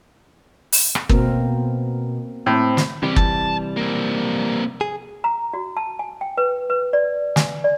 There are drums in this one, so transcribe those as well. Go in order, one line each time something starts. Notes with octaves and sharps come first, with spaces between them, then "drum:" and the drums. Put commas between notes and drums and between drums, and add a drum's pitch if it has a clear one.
drum: open hi-hat
drum: rim click
B2 A#3 C4 A#4, drum: kick
A2 C4
drum: snare
C2 C3 E3 G3 G4
A5, drum: kick
A#3 C4
G#4
A#5
F#4
A5
G#5
G5
B4
B4
D5
G#5, drum: snare
D5